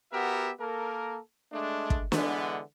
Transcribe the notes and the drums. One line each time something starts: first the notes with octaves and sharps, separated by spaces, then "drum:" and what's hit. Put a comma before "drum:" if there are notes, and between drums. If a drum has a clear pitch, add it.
B3 F#4 G4 A#4 E5
A#3 A4 A#4
G#3 A3 D4
drum: kick
D3 E3 G#3 B3, drum: snare